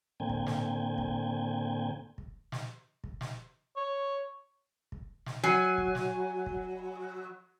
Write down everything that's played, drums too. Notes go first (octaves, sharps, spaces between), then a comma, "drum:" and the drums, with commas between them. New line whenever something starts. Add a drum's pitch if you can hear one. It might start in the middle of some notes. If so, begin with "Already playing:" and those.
A2 D3 A#3 C4 G5 G#5
drum: kick
drum: snare
drum: kick
drum: kick
drum: snare
drum: kick
drum: snare
C#5
drum: kick
drum: snare
F#3 G#5 C7 D#7
drum: kick
drum: snare
drum: kick